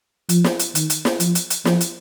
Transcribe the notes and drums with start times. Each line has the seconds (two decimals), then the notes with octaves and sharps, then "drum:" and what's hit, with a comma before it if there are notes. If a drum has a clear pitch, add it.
0.29 F3, drum: hi-hat
0.44 drum: snare
0.60 drum: hi-hat
0.75 D#3, drum: hi-hat
0.90 drum: hi-hat
1.05 drum: snare
1.20 F3, drum: hi-hat
1.35 drum: hi-hat
1.50 drum: hi-hat
1.65 F3, drum: snare
1.81 drum: hi-hat